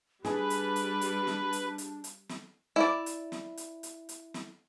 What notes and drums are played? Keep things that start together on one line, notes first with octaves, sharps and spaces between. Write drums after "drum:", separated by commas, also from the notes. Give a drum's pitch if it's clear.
G3 D4 G#4 B4, drum: snare
drum: hi-hat
drum: hi-hat
drum: hi-hat
drum: snare
drum: hi-hat
drum: hi-hat
drum: hi-hat
drum: snare
E4 D5
drum: hi-hat
drum: snare
drum: hi-hat
drum: hi-hat
drum: hi-hat
drum: snare